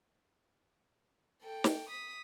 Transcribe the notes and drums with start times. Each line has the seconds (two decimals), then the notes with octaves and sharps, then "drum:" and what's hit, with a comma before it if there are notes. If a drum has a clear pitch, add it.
1.43 A4 G5
1.64 drum: snare
1.90 D#6 B6